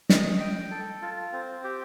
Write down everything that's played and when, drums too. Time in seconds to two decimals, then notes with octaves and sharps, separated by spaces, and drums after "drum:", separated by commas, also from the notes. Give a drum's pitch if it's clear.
0.09 D#5, drum: snare
0.40 G5
0.71 A4
1.02 F4
1.32 C4
1.64 G4